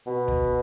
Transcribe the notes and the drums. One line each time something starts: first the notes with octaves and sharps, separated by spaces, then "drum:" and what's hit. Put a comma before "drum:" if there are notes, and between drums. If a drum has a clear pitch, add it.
B2
drum: kick